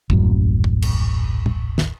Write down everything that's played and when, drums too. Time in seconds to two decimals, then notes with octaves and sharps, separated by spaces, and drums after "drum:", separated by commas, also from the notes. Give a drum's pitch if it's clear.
0.10 D#1 A1 F#2, drum: kick
0.64 drum: kick
0.82 drum: cymbal
1.46 drum: tom
1.78 drum: snare